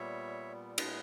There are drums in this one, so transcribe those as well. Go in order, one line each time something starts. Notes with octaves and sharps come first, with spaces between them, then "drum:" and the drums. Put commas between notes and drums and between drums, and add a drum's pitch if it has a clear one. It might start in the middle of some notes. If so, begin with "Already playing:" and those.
Already playing: A#2 G3 B3 C#5 E5
A#2 G#3 B3 B4 D#5, drum: cymbal